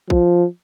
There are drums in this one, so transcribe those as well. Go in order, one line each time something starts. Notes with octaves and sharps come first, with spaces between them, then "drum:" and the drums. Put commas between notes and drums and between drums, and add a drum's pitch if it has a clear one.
F3, drum: kick A#1